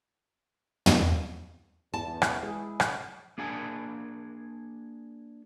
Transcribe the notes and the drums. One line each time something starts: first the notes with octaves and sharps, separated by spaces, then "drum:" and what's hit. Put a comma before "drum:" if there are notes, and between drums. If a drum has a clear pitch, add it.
drum: tom
E2 A5
drum: rim click
G#3 E4 G#4
drum: rim click
A#3 D4 G#4 F#5 G#5 A5